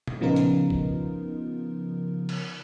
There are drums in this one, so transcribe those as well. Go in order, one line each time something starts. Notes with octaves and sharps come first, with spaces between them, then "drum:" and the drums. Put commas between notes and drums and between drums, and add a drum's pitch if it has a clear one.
drum: tom A#2
C#3 F3 B3 D#4 F4 A#4
drum: hi-hat
drum: kick
drum: cymbal